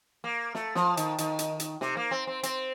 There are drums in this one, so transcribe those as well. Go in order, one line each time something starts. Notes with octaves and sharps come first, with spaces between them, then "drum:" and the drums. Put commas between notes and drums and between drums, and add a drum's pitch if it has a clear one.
A#3
A3, drum: snare
F3, drum: snare
D#3, drum: hi-hat
D#3, drum: hi-hat
drum: hi-hat
drum: hi-hat
C3, drum: snare
A#3
C4
C4
C4, drum: hi-hat